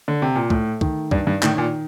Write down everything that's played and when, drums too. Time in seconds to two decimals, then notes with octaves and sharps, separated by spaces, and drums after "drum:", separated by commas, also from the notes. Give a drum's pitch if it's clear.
0.08 D3
0.22 C3
0.35 A#2
0.50 A2 A3, drum: kick
0.81 D#3, drum: kick
1.11 G2 D4, drum: kick
1.27 G2
1.43 A2 D#3, drum: clap
1.58 A#2